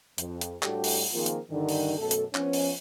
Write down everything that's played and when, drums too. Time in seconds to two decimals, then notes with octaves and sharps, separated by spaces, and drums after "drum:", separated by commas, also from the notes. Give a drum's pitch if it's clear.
0.18 F2, drum: hi-hat
0.41 drum: hi-hat
0.63 A2 G3 D4 F#4 G4 A4, drum: clap
0.84 drum: open hi-hat
1.13 D#3 F3 A#3 C4 F4 G#4
1.26 drum: hi-hat
1.50 G2 D3 D#3
1.69 drum: open hi-hat
1.98 F#2 B2 A3 A4
2.11 drum: hi-hat
2.35 F3 B3 C#4, drum: clap
2.53 drum: open hi-hat